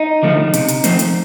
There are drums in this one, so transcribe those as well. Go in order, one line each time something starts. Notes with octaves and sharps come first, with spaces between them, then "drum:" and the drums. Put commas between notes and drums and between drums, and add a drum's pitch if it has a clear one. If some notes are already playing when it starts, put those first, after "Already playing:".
Already playing: D#4
D3 F3 A3
C3, drum: hi-hat
drum: hi-hat
F3 A3 C4, drum: hi-hat
drum: hi-hat